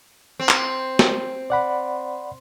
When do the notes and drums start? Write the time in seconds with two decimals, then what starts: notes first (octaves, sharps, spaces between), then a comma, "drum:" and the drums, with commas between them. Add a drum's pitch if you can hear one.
0.40 C4
0.49 drum: clap
0.99 drum: snare
1.50 D5 F#5 B5